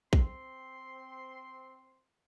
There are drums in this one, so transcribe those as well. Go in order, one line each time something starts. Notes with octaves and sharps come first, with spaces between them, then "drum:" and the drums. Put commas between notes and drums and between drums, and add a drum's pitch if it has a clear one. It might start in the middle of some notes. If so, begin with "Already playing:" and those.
C4 C6, drum: kick